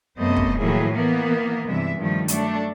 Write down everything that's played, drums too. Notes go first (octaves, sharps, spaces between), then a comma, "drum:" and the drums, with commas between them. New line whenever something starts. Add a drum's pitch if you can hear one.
F#2 C3 A3 B3 C5 D#5
drum: kick
A2 D#3 F3 F#3 A#3 G#4
E3 A#3 B3 A#4
G2 C3 E3 G#3 E5
G2 D#3 F3 G3 A3
F#3 A3 D4, drum: hi-hat